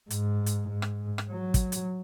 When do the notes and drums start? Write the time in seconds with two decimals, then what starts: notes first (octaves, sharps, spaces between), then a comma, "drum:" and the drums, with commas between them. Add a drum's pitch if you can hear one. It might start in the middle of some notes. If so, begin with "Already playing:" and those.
0.10 G#2, drum: hi-hat
0.46 drum: hi-hat
0.68 G#2
0.82 drum: rim click
1.18 drum: rim click
1.30 F#3
1.54 drum: kick, hi-hat
1.72 drum: hi-hat